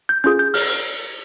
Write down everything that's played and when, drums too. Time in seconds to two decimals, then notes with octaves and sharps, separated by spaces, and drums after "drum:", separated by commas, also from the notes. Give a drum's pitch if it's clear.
0.09 G6
0.24 C#4 F4 G#4 G6
0.39 G6
0.54 F6, drum: open hi-hat
0.70 F6